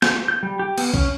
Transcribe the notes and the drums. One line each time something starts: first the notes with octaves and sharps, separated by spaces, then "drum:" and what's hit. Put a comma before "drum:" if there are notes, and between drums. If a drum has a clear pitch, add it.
G6, drum: snare
G6
G3
G4
B3, drum: cymbal
C#4, drum: kick